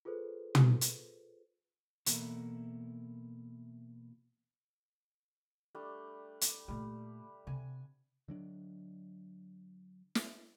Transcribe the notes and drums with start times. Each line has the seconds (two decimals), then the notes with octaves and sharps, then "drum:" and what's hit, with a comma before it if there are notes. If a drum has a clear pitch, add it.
0.05 F4 G#4 A4 B4 C5
0.55 drum: tom
0.81 drum: hi-hat
2.06 B2 E3 A#3 E4 A4 A#4, drum: hi-hat
5.75 G3 A3 D4
6.41 drum: hi-hat
6.68 A#2 G3 A3
7.47 C3 G#5
8.28 D3 F#3 D4
10.15 drum: snare